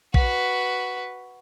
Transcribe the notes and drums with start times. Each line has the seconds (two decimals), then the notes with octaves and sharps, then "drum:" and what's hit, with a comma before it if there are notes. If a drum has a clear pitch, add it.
0.14 F#4 B4, drum: kick A#1